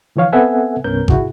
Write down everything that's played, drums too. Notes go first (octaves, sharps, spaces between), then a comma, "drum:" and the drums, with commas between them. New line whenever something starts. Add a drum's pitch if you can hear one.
D3 E3 F3 C#5 F5
B3 C4 A4 E5 F#5 G#5
C2 G2 B3 C#4 A#4 G6
E4 F#4 G#4, drum: kick G#1